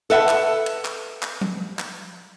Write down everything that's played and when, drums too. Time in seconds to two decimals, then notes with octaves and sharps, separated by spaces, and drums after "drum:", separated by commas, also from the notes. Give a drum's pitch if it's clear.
0.10 A4 B4 E5 F#5
0.29 drum: clap
0.66 drum: cymbal
0.85 drum: clap
1.23 drum: clap
1.41 drum: tom F3
1.79 drum: clap